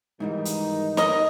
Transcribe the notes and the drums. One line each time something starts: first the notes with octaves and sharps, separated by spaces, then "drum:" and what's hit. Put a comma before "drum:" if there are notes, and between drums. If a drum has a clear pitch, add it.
G#2 D#3 E3 G3 D#4
drum: hi-hat
A#4 D#5, drum: snare